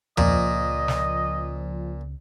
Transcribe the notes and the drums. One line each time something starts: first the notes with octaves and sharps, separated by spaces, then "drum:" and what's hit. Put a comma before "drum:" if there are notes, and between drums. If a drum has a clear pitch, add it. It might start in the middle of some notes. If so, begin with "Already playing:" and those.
C#2 A#2 C#3 F3 D#5, drum: tom E2
drum: snare